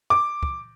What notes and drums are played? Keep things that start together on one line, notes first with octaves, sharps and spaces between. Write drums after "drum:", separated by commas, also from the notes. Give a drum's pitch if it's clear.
D6
drum: kick